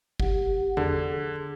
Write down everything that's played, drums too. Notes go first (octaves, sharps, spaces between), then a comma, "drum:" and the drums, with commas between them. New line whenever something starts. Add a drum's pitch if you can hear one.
G4 F#5, drum: kick
D3 G#4, drum: tom E2